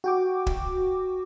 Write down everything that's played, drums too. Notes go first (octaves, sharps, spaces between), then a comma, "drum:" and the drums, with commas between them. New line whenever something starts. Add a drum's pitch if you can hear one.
F#4 G5 D6
drum: kick